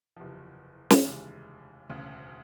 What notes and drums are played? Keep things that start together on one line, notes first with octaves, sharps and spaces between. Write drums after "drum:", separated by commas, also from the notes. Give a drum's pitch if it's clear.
F#1 E2 C3 F3
drum: snare
F1 D#2 C#3 E3 G#3
E1 D2 C#3